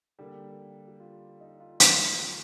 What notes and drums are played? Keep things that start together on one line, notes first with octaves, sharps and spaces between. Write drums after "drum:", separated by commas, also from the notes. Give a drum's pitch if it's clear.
D3 G3 A#3 G4
G4
F4
D#4
F4
F2 C3 D#3 G3 A#3 G4, drum: hi-hat
D#4
F4